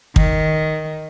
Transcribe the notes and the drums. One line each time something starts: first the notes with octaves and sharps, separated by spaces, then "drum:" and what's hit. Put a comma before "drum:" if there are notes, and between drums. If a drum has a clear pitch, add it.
D#3, drum: kick